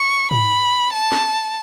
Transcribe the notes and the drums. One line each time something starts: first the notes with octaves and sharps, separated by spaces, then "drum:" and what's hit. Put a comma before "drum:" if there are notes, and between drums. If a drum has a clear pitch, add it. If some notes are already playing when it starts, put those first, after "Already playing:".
Already playing: C#6
B5, drum: tom G#2
A5
drum: snare